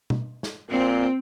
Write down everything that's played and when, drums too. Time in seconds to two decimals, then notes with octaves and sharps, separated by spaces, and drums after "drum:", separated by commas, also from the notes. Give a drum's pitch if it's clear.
0.10 drum: tom B2
0.43 drum: snare
0.71 A#2 C4